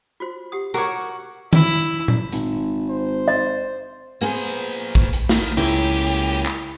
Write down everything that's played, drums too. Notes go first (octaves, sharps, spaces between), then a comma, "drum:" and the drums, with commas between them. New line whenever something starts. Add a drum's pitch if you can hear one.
F4 F#4 C5
G4 F#5 D#6
F#4 A#4 C#5 F#5 D6, drum: tambourine
E4, drum: tom D#3
drum: tom A#2
G#1, drum: hi-hat
C5
D#5
A#3 B3 G#4 C5
drum: kick A#1
drum: hi-hat
A2 D#3, drum: snare
C#2 A#3 C#4 E4 G4
drum: clap